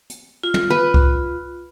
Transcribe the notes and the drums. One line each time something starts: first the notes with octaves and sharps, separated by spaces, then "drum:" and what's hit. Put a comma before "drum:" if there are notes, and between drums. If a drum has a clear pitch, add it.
drum: hi-hat
F4
drum: tom
B4
drum: kick C2